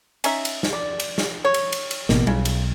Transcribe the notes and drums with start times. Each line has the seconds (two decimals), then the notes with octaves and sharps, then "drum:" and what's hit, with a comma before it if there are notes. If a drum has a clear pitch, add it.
0.24 C#4 D#4 E5, drum: cymbal
0.45 drum: cymbal
0.63 drum: snare
0.73 D5
1.00 drum: cymbal
1.18 drum: snare
1.45 C#5
1.54 drum: cymbal
1.72 drum: cymbal
1.91 drum: cymbal
2.09 A1 B2 A#3, drum: snare
2.27 B1 C#3, drum: tom G3
2.45 drum: cymbal